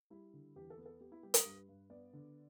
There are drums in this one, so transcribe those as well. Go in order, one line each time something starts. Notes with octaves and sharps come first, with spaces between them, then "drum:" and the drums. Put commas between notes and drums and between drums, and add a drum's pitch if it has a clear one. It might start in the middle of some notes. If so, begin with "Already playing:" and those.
G3 E4
D3
E2 G4
A4
B3
A4
B3 G4
E4
G3 G4
B4, drum: hi-hat
G2
G2
B3 D5
D3